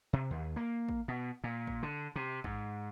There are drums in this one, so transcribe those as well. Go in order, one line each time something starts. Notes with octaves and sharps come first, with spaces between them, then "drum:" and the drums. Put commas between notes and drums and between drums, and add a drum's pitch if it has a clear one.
C3
D#2
A#3
drum: kick
B2
A#2
drum: kick
D3
C3
G#2, drum: kick